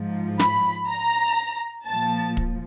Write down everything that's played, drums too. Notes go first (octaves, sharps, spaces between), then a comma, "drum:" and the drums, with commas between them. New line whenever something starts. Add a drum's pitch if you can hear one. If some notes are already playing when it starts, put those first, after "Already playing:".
Already playing: G#2 F3
B5, drum: snare
A#5
A#2 F3 A5
drum: kick